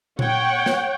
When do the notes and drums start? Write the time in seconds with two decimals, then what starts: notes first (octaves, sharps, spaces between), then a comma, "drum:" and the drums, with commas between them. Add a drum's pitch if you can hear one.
0.19 C#5 F#5 G5, drum: tom A#2
0.66 drum: snare